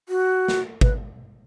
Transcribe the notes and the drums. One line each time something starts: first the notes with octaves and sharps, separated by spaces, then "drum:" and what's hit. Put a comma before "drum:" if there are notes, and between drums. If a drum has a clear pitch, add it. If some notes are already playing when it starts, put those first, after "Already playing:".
F#4
drum: snare
B4, drum: kick G#1